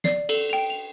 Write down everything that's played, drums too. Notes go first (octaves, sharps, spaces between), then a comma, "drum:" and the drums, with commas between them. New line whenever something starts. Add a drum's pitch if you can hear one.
D5 C7, drum: snare
A4, drum: cymbal
F7
G5 D7
F7